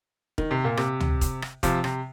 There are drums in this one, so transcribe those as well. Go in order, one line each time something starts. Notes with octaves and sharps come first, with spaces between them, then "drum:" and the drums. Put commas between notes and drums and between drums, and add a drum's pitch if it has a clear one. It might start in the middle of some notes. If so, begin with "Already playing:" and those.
D#3, drum: kick
C3
A#2
C3, drum: rim click
drum: tom
drum: kick, hi-hat
drum: rim click
C3 F3, drum: kick, hi-hat
C3, drum: rim click